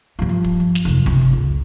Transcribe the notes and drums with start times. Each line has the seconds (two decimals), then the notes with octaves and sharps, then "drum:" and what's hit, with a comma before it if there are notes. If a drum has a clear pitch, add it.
0.19 G2 F3
0.29 drum: hi-hat
0.44 drum: kick, hi-hat
0.60 drum: hi-hat
0.75 drum: snare
0.85 F1 F#2
1.06 G1 C3, drum: tom C#3
1.21 drum: hi-hat
1.33 C#2